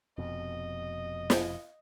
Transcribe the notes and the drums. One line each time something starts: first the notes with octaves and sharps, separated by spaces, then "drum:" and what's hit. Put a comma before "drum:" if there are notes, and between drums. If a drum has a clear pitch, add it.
F1 F2 B2 D#5
drum: snare